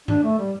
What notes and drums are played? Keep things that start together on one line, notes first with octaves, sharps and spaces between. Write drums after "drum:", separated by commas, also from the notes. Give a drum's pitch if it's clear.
D4, drum: tom G2
A3
G3